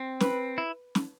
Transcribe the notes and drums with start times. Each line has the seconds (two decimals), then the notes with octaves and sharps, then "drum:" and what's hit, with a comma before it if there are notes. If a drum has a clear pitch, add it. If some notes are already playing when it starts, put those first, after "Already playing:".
Already playing: C4
0.20 B4, drum: snare
0.58 E4
0.95 drum: snare